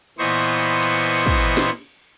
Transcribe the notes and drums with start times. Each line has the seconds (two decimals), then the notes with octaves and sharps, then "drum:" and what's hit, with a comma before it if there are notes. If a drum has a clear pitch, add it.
0.19 A#2 E3 B3 C5 D#5 C#6, drum: open hi-hat
0.82 drum: cymbal
1.26 drum: kick
1.57 drum: snare